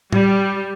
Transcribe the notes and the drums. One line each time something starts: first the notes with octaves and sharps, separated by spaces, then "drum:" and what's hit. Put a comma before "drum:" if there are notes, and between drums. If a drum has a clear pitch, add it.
G3, drum: tom